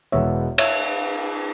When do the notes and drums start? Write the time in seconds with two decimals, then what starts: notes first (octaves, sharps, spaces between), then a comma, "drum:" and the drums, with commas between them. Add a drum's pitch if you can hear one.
0.12 E1 E2 B2 G#3 B3 C#5 E5
0.58 C#5 E5, drum: cymbal